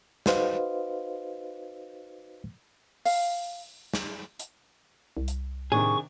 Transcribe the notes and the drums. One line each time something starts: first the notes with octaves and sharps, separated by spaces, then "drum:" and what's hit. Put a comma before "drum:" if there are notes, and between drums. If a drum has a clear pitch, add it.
D#4 F#4 B4 C5 D#5 F5, drum: snare
F5, drum: open hi-hat
drum: snare
drum: hi-hat
C2
drum: hi-hat
A2 C3 D#3 D4 G#4 C#6